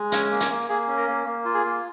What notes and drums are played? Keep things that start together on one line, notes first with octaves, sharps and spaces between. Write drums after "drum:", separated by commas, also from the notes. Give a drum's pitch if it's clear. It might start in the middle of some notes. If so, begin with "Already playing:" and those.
Already playing: G#3
C#4 C#5, drum: hi-hat
A#3
C#5, drum: hi-hat
A#3
A#3 G#4
C#4
A#4
A#3
A#3
F4
G#4
A#3